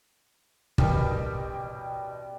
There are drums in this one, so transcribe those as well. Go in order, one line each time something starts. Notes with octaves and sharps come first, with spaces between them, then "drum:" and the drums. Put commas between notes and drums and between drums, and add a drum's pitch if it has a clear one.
A1 B2 G3 A#4 D#5 G5, drum: kick